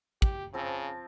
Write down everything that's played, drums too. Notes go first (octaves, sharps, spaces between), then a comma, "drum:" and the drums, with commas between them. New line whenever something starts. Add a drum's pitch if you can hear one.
G4, drum: kick
C#3 F3 C4 A5